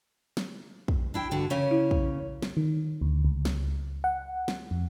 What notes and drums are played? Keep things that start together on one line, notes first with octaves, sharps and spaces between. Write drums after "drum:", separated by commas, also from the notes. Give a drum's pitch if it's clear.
drum: snare
drum: kick
D4 E4 G5
G2 D3 F#4
C#3 A#3 C#4
E4
drum: kick
drum: snare
D#3
D2
C#2
drum: snare
F#5
drum: snare
F2